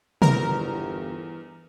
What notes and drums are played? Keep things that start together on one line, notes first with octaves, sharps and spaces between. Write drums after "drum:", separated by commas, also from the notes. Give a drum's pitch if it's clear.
G1 E2 A#4, drum: tom